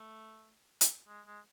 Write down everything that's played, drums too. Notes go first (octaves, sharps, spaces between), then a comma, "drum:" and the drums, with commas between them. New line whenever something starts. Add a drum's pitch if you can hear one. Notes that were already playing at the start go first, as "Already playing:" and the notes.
Already playing: A3
drum: hi-hat
G#3
G#3